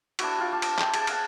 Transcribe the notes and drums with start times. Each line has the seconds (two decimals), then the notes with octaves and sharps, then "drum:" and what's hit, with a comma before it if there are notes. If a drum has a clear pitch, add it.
0.19 D4 E4 F#4, drum: cymbal
0.38 F4 G4
0.52 F5 A5 D6
0.62 drum: cymbal
0.79 E5 G5 B5, drum: clap
0.94 G#4 G#5 A5 B5, drum: cymbal
1.07 F5 F#5 G#5, drum: cymbal